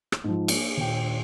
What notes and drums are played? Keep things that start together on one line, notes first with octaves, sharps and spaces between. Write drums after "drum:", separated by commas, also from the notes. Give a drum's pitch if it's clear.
drum: rim click
G#2 F3
A#3, drum: cymbal
D#1 G5